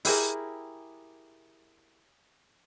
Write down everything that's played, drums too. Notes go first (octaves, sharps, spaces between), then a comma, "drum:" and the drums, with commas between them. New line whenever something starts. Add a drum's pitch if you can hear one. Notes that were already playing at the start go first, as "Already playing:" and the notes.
E4 G4 G#4 A#4, drum: open hi-hat